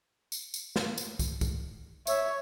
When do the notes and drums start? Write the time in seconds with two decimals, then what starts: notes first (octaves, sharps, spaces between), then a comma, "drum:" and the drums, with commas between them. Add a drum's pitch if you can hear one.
0.32 drum: tambourine
0.54 drum: tambourine
0.76 drum: snare
0.98 drum: tambourine
1.19 drum: kick, tambourine
1.41 drum: kick, tambourine
2.07 C#5 E5, drum: tambourine